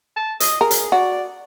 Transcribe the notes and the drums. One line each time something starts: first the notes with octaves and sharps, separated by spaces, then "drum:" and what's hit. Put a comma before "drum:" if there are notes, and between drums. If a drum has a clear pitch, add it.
A5
D#5, drum: hi-hat
G#4 A#4
drum: hi-hat
F#4 D5